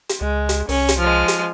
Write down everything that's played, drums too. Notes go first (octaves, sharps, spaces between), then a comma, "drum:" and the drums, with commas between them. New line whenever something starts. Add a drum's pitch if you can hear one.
drum: hi-hat
C#2 G#3
drum: hi-hat
C2 C#4, drum: open hi-hat
drum: hi-hat
F3 G#3 F6
drum: hi-hat